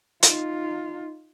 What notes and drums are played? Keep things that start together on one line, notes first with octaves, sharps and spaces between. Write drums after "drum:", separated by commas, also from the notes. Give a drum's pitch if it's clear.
D#4 F4, drum: hi-hat